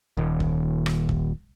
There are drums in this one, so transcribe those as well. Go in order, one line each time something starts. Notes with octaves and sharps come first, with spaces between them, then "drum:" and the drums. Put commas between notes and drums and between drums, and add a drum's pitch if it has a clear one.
D#1 D#2
drum: kick
drum: rim click
drum: kick